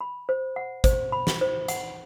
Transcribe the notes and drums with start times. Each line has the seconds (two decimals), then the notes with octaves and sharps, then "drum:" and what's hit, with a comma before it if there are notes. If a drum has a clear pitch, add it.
0.01 B5
0.29 C5
0.56 F#5
0.84 C5, drum: kick G#1, hi-hat
1.12 B5
1.27 drum: snare
1.41 C5
1.68 F#5, drum: hi-hat